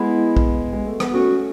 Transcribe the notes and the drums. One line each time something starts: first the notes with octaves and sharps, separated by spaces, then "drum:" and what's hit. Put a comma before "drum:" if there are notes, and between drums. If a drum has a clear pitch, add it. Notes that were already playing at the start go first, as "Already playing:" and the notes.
Already playing: G#3 B3 E4
drum: kick
G#3
A3
B3, drum: rim click
A3 C#4 F#4